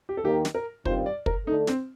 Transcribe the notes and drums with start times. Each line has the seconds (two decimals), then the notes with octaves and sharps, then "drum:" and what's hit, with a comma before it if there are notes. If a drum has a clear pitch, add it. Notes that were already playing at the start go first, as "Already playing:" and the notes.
0.09 G4
0.17 A4
0.24 D#2 D#3 A#3 G4
0.45 drum: snare
0.55 A#4
0.85 G2 D#3 G3 C4 F4 C5, drum: kick
1.06 D5
1.26 A#4, drum: kick
1.46 D3 A3 D4 D#4 A4
1.67 C4, drum: snare